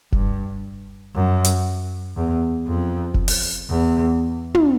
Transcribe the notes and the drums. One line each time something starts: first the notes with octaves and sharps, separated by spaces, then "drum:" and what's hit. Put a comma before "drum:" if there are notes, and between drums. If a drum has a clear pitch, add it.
G2, drum: kick F1
F#2
drum: hi-hat
E2
F2
drum: kick F1
drum: open hi-hat
E2
drum: tom